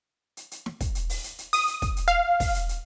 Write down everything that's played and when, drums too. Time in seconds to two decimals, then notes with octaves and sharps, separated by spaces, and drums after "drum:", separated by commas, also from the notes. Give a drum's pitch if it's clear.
0.37 drum: hi-hat
0.51 drum: hi-hat
0.66 drum: snare
0.80 drum: kick, hi-hat
0.95 drum: hi-hat
1.09 drum: open hi-hat
1.24 drum: hi-hat
1.38 drum: hi-hat
1.53 D#6, drum: open hi-hat
1.68 drum: hi-hat
1.82 drum: kick, hi-hat
1.97 drum: hi-hat
2.08 F5
2.40 drum: kick, open hi-hat
2.55 drum: hi-hat
2.69 drum: hi-hat